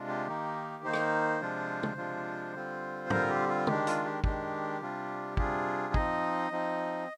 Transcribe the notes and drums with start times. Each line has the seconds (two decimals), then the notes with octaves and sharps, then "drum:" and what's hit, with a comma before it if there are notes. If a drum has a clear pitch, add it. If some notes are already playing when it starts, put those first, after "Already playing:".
Already playing: C3 G#3 D4 F4
0.08 G4
0.27 D#3 A#3 D#4
0.84 D#3 A#3 D#4 C5
0.93 drum: rim click
1.41 C3 F3 G#3 D4 F4
1.83 drum: tom
1.97 C3 F3 G#3 D4 F4
2.54 D3 G3 C4 F4
3.10 D3 G3 C4 F4 A#4, drum: tom
3.30 G4
3.49 F4
3.67 D#3 G#3 D4 G4, drum: tom
3.87 F4, drum: hi-hat
4.05 G4
4.24 D#3 G#3 D4 G4, drum: kick
4.81 C3 G3 D4 F4
5.37 C3 G3 D4 F4 G#4, drum: kick
5.94 F3 C4 D#4 D#5, drum: kick
6.51 F3 C4 D#4